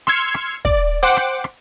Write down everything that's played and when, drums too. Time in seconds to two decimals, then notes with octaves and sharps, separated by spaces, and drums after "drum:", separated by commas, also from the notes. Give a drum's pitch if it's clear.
0.07 C6 E6 F6 G#6 C#7, drum: rim click
0.34 drum: rim click
0.65 D5, drum: kick
1.03 C5 F#5 G5 D6
1.17 drum: rim click
1.44 drum: rim click